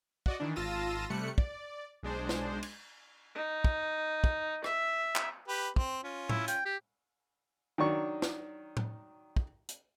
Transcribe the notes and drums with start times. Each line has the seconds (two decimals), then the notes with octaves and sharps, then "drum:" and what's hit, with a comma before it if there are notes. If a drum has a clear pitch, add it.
0.26 F#4 D5 D#5, drum: kick
0.40 D#3 E3 D4
0.56 G#1 F4 A5 E6 A#6 D#7
1.10 C3 G3 A3 F#6 C#7
1.38 D5, drum: kick
2.03 B1 G#3 D4 C5
2.29 drum: snare
2.63 drum: cymbal
3.35 D#4
3.64 drum: kick
4.24 drum: kick
4.64 E5, drum: rim click
5.16 drum: clap
5.48 G4 B4
5.76 C4, drum: kick
6.04 C#4 F4
6.29 E4, drum: tom A2
6.48 G5, drum: hi-hat
6.66 G4
7.78 D#3 F#3 D4 C#6
8.22 drum: snare
8.77 drum: tom A2
9.36 drum: kick
9.69 drum: hi-hat